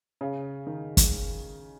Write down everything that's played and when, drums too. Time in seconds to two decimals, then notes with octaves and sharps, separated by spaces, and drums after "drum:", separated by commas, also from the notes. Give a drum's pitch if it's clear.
0.21 C#3
0.67 D#3
0.97 drum: kick, hi-hat